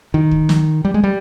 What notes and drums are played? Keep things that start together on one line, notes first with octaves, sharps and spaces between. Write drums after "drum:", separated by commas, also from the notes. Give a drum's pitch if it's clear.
D#3
drum: kick
drum: snare
G3
G#3
G3